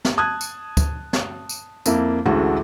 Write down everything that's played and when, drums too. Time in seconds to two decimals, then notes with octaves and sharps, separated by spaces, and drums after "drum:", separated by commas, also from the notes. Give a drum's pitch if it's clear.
0.05 drum: snare
0.17 A5 D#6 F#6 G#6
0.41 drum: tambourine
0.77 drum: kick D2, tambourine
1.13 drum: snare
1.49 drum: tambourine
1.86 F2 A#3 E4, drum: tambourine
2.26 A1 D2 A2 G#3 A3 F#4